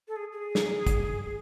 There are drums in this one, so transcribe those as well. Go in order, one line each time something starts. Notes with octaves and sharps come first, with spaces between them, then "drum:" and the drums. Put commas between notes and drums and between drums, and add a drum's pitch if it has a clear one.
A4
G#4
G#4
drum: snare
drum: kick, hi-hat
G#4